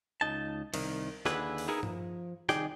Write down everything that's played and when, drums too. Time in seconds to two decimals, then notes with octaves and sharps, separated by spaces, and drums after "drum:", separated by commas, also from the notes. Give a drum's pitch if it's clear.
0.21 C#2 G#2 D#4 A5
0.74 C2 D#3, drum: cymbal
1.25 D#2 D3 E4 G#4 B4, drum: snare
1.58 drum: open hi-hat
1.68 B3 D#4 E4 G#4 A#4
1.83 F3, drum: tom G2
2.49 C2 D#3 D#4 G#4 D5 G5, drum: snare